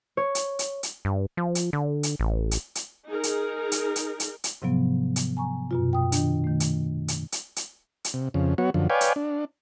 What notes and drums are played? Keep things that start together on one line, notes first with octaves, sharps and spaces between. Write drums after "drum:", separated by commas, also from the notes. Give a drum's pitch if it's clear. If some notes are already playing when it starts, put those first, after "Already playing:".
C#5
drum: hi-hat
drum: hi-hat
drum: hi-hat
G2
F3
drum: hi-hat
D3
drum: hi-hat
A1
drum: hi-hat
drum: hi-hat
D#4 G#4 A#4
drum: hi-hat
drum: hi-hat
drum: hi-hat
drum: hi-hat
drum: hi-hat
G#2 C3 F3 F#3 B3
drum: hi-hat
G#5 A#5 C#6
F#2 B2 F4
G5 D#6
D#3 D4, drum: hi-hat
D#3 A3
drum: hi-hat
drum: hi-hat
drum: hi-hat
drum: hi-hat
drum: hi-hat
C3
F2 C#3
F#3 B3 F#4 C#5
F#2 D3 F3
B4 C#5 D5 F5 G5 G#5
drum: hi-hat
D4